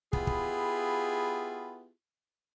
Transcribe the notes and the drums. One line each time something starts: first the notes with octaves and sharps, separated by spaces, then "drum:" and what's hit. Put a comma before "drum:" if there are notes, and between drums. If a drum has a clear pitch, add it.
B3 E4 F4 G4 G#4, drum: kick
drum: kick